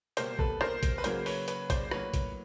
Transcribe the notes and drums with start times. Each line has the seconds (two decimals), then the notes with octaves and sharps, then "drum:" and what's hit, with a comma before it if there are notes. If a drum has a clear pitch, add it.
0.17 B2 G3 A#3 A#4 C5, drum: hi-hat
0.39 A4 B4, drum: kick A#1
0.61 A#4 C5, drum: rim click
0.83 drum: kick A#1, hi-hat
0.98 B4
1.04 C#3 F#3 A#3 A#4 C5, drum: hi-hat
1.26 B4 C#5, drum: open hi-hat
1.48 B4 C#5, drum: hi-hat
1.70 C5 D5, drum: kick A#1, hi-hat
1.91 A2 F#3 A#3 B4 C#5, drum: rim click
2.14 drum: kick A#1, hi-hat